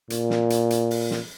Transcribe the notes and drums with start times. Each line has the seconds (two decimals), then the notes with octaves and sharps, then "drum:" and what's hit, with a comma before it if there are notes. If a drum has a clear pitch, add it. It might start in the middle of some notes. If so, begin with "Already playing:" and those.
0.10 A#2, drum: hi-hat
0.30 drum: snare
0.50 drum: hi-hat
0.70 drum: hi-hat
0.91 drum: open hi-hat
1.11 drum: snare